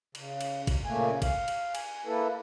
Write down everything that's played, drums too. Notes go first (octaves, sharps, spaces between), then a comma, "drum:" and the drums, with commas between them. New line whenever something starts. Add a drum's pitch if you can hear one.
C#3, drum: cymbal
drum: cymbal
drum: kick G#1, cymbal
A#2 C#3 A3 A#3 G#5
F5, drum: kick G#1, cymbal
drum: cymbal
G#5, drum: cymbal
A#3 E4 A4 B4